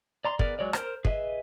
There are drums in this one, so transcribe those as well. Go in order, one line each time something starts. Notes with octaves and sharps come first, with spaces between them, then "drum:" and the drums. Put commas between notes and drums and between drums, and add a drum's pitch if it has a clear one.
D5 A#5 C6
B3 G#4 A#4 D5, drum: kick
F#3 G#3 C#5 D5
A#4 C5 F6, drum: rim click
G#4 B4 D#5 E5, drum: kick